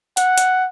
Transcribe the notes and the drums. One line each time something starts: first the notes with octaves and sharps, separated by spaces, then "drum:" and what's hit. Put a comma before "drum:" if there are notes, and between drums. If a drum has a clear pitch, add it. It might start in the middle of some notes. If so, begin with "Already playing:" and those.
F#5, drum: hi-hat
drum: hi-hat